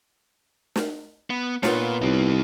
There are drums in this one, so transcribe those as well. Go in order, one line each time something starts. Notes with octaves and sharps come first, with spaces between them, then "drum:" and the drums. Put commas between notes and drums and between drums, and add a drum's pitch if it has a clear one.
drum: snare
B3
A#2 B3 F4 C#5, drum: snare
C2 D#4 G4